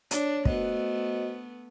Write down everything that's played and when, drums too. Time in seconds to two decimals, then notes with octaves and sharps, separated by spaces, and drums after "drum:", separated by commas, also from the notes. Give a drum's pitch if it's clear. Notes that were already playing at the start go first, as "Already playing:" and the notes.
0.11 D4 C#5, drum: hi-hat
0.45 A3 B3 F#4 C5 D#5, drum: kick